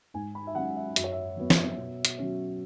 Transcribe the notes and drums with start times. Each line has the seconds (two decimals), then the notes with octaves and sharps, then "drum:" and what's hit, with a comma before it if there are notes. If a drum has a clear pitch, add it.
0.14 G#2 G#5
0.35 B5
0.47 E5
0.55 F#3 C#4 F#5
0.76 E5
0.96 F#2 E5, drum: hi-hat
1.04 C#5
1.12 E5
1.36 F#3 B3
1.50 drum: snare
1.77 B2
2.05 drum: hi-hat
2.18 F#3 C#4